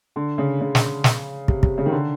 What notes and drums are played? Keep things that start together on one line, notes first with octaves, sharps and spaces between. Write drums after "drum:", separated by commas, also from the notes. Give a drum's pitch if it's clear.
D3
C#3
C#3
drum: snare
drum: snare
C3, drum: kick
C3, drum: kick
C#3
D#3
D3